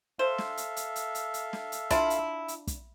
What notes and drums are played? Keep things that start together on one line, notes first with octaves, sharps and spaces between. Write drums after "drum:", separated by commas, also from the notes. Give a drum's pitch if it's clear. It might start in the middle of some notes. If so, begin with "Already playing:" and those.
A4 C5 E5 F5
drum: snare
drum: hi-hat
drum: hi-hat
drum: hi-hat
drum: hi-hat
drum: hi-hat
drum: snare
drum: hi-hat
D4 E4 F4, drum: kick, hi-hat
drum: hi-hat
drum: hi-hat
drum: kick, hi-hat